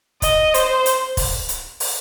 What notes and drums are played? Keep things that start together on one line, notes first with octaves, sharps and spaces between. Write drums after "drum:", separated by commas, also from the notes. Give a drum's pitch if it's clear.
D#5, drum: kick, hi-hat
C5, drum: hi-hat
drum: hi-hat
drum: kick, open hi-hat
drum: hi-hat
drum: open hi-hat